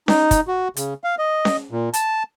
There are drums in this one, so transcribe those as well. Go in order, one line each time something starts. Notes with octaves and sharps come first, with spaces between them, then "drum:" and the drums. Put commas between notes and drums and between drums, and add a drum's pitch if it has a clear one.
D#4, drum: snare C#4
drum: kick, hi-hat
F#4
C#3, drum: hi-hat
F5
D#5
drum: snare C#4
A#2
A5, drum: hi-hat